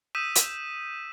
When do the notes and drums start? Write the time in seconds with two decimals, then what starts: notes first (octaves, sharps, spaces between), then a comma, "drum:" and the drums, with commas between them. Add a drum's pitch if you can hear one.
0.15 D#6 E6 G6 B6 D#7 E7
0.35 drum: hi-hat